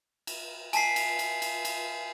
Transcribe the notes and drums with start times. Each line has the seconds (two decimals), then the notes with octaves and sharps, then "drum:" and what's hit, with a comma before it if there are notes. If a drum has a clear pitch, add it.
0.27 drum: cymbal
0.73 G#5 A5 B6 C7, drum: cymbal
0.96 drum: cymbal
1.19 drum: cymbal
1.42 drum: cymbal
1.65 drum: cymbal